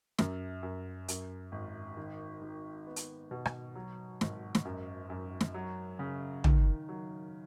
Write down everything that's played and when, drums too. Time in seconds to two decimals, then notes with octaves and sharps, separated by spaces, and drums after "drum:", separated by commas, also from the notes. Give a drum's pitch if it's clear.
0.18 F#2, drum: snare
0.63 F#2
1.08 F#2, drum: hi-hat
1.52 G#1
1.97 D#3
2.42 D#3
2.87 B3
2.96 drum: hi-hat
3.31 B2
3.45 drum: rim click
3.75 F#3
4.21 G#1, drum: snare
4.55 drum: snare
4.65 F#2
5.10 F#2
5.40 drum: snare
5.54 F#3
5.99 C#3
6.44 D#3, drum: tom
6.89 F#3